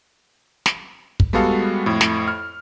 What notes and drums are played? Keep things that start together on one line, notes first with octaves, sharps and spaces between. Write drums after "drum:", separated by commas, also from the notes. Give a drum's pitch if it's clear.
drum: snare
drum: kick
G3 G#3 B3 F#4 A4 F5
F2 A2
drum: snare
F6